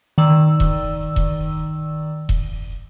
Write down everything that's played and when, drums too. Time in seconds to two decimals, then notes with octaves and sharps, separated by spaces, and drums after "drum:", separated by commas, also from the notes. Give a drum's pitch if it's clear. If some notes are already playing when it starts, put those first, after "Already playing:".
0.18 D#3 D5 E6
0.60 drum: kick E1
1.16 drum: kick E1
2.29 drum: kick E1